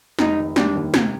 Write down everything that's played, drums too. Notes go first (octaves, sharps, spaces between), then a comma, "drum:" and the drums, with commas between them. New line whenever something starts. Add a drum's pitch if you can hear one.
F1 D#4, drum: snare
D#3
G3 D4, drum: snare
D#2
C3, drum: snare